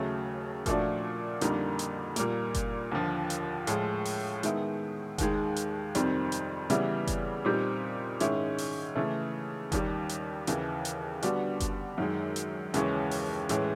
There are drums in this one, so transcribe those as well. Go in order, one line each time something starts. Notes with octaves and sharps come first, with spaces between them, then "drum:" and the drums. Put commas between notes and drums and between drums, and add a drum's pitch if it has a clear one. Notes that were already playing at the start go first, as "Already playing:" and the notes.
Already playing: D#2 C#3 F#3 A3
A#2 F3 A3 D4 F#4, drum: kick F#1, hi-hat
F2 D3 G3 A#3 D#4, drum: hi-hat
drum: hi-hat
A#2 G3 A#3, drum: hi-hat
drum: kick F#1, hi-hat
D#2 D3 F3
drum: hi-hat
A2 F3 G#3, drum: hi-hat
drum: open hi-hat
D#3 G#3 B3 E4, drum: hi-hat
D#2 D#3 G#3, drum: kick F#1, hi-hat
drum: hi-hat
F2 C3 D#3 G3 C4, drum: hi-hat
drum: hi-hat
C#3 E3 G3 B3 E4, drum: hi-hat
drum: kick F#1, hi-hat
A#2 G3 C4 D#4 G4
G#2 D#3 G#3 C#4 E4, drum: hi-hat
drum: open hi-hat
C#3 E3 A3
D#2 D#3 G3, drum: kick F#1, hi-hat
drum: hi-hat
D#2 C#3 E3, drum: hi-hat
drum: hi-hat
D3 G3 B3 D4 F#4, drum: hi-hat
drum: kick F#1, hi-hat
F#2 D#3 G#3
drum: hi-hat
D#2 C#3 E3 G#3 C#4, drum: hi-hat
drum: open hi-hat
A2 E3 G#3 C#4, drum: hi-hat